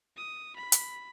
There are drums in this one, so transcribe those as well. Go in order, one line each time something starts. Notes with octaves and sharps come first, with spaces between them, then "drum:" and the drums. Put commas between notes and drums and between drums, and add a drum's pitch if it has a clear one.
D#6
B5
drum: hi-hat